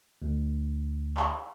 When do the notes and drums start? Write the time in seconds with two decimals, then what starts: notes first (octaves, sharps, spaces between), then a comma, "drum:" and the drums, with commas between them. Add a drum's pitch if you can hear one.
0.22 D2
1.17 drum: clap